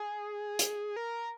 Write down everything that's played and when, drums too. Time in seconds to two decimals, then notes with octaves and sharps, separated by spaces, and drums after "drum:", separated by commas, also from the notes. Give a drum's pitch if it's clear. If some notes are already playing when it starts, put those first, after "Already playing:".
Already playing: G#4
0.59 drum: hi-hat
0.96 A#4